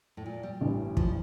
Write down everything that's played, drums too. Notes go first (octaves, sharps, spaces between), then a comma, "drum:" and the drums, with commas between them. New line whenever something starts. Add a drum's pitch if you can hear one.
A2
A#2
G3
A1 G2 E3
F3, drum: kick